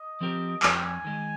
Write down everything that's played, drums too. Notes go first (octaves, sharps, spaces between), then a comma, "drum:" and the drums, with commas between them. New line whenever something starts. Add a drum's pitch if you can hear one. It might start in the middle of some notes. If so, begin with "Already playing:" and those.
Already playing: D#5
F3 C4 G4 A#4
F2 G#5, drum: clap D#6
G5
G#5
D#3 G#3